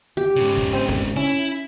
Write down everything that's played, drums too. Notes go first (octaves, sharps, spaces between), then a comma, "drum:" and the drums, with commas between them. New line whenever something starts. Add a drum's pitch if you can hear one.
G4
G#2 C#3
drum: kick
C4 C5 D#7
drum: kick
C#4 E4